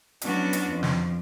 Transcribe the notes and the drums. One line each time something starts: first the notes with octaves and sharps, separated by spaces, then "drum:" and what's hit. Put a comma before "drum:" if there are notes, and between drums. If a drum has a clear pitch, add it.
F#3 B3 C#4 D4 E4 F#4, drum: hi-hat
drum: hi-hat
F2
drum: snare